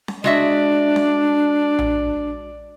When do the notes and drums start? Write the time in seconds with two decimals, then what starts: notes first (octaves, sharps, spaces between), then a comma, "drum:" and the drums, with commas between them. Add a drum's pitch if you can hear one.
0.08 drum: snare C#4
0.24 G#3 D4 F#4 D5 E5
0.96 drum: snare C#4
1.79 drum: tom A#1